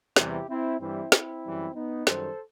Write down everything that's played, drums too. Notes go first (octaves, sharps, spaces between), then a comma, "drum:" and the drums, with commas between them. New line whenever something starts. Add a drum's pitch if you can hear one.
E2 C3 E3 G3 E4 G4, drum: snare
C4 E4
G2 E3 G3 C4 E4
C4 E4, drum: snare
F#2 E3 G3
B3 D#4
F#2 D#3 G3 A4 C5, drum: snare